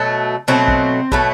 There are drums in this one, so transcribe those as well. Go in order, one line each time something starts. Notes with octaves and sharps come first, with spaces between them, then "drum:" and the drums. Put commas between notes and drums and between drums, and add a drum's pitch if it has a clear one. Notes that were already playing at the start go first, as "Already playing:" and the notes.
Already playing: B2 F#3 A3
B2 F#3 A3 C4
drum: kick
B2 F#3 A3, drum: kick